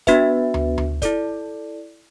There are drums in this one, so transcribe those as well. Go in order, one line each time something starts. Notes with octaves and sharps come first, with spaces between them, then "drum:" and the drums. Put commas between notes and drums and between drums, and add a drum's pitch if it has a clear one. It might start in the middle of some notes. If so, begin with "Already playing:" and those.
B3 D4 F#4 B4 E5, drum: kick, hi-hat
drum: tom D2
drum: tom D2
E4 A4 D5, drum: kick, hi-hat